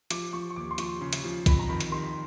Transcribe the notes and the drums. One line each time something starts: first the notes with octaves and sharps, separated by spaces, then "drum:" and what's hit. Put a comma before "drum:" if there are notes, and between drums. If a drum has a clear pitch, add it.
F3 D6, drum: hi-hat
F3 C#6
C#6
D#2 D6
C6
F3 C#6, drum: hi-hat
C#3
drum: hi-hat
F3
F2 B5, drum: kick B1, hi-hat
A#5
D#3 B5
drum: hi-hat
D#3 C6